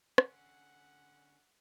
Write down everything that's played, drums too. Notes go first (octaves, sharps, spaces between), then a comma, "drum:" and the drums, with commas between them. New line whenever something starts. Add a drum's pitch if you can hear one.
D3 C#4 F#5, drum: rim click